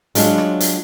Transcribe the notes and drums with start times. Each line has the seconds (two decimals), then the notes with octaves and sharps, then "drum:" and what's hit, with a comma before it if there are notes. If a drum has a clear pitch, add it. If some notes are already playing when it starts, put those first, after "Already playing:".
0.15 F#3 G#3 D4 F4, drum: hi-hat
0.38 drum: rim click
0.60 drum: hi-hat